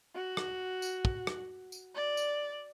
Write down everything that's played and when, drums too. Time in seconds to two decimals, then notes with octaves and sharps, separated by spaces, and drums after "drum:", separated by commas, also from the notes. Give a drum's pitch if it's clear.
0.15 F#4
0.37 drum: rim click
0.82 drum: tambourine
1.05 drum: kick
1.27 drum: rim click
1.72 drum: tambourine
1.95 D5
2.17 drum: tambourine